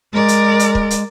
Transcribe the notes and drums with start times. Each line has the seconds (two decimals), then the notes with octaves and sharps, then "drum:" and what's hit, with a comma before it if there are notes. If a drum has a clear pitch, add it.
0.13 G#3 A#4 D5
0.28 drum: hi-hat
0.59 drum: hi-hat
0.75 drum: kick
0.90 drum: hi-hat